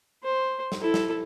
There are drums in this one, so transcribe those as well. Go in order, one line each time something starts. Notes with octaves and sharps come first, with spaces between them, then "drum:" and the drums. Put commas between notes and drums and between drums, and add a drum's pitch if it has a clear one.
C5
drum: snare
E4 A4
drum: snare